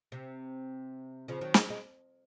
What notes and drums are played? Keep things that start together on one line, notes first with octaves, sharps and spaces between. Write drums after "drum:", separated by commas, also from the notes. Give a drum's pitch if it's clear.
C3
C#3 F3
D#3 F#3
G#3, drum: snare
G#3